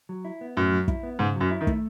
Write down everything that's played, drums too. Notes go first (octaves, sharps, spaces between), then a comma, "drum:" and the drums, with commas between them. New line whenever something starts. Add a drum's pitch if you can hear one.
F#3
E4
B3
F#2 A2
F#3
E4, drum: kick
B3
G#2 C#3
F#2 F#3
E4
D#3
A3, drum: kick